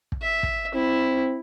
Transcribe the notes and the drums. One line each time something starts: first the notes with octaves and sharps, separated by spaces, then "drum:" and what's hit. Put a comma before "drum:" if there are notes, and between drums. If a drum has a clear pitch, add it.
drum: kick
E5
drum: kick
C4 E4